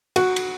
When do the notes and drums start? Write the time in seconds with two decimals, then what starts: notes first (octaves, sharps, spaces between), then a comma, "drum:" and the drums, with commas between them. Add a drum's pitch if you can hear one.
0.16 F#4, drum: cymbal
0.36 drum: cymbal